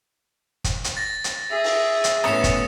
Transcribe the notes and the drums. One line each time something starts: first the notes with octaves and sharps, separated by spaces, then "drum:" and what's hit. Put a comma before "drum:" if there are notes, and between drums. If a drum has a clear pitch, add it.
drum: kick, hi-hat
drum: hi-hat
A6 A#6
drum: hi-hat
G#4 E5
drum: open hi-hat
drum: hi-hat
A2 B3 C#4 D#6 C#7 E7, drum: rim click
drum: kick, hi-hat